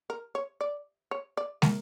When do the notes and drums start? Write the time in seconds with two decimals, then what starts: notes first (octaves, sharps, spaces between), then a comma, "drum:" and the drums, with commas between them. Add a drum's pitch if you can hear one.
0.10 A#4
0.35 C#5
0.61 D5
1.11 C#5
1.37 D5
1.62 A#4, drum: snare